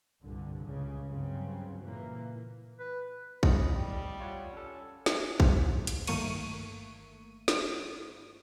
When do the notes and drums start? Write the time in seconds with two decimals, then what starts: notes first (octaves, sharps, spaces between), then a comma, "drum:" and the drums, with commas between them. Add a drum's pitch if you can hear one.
0.22 C2 G2 A#2 D3
0.63 C#2 C#3
1.09 G2 C#3 F#3 C4
1.81 A#2 E3 A#3
2.79 B4
3.43 D#5 B5, drum: kick
3.74 G3
4.20 F4 C#5 F#5
4.53 C#4 A4
5.06 drum: snare
5.40 drum: kick
5.87 drum: hi-hat
6.07 G1 D#3 A3 A#3 C#6 D#7, drum: cymbal
7.48 drum: snare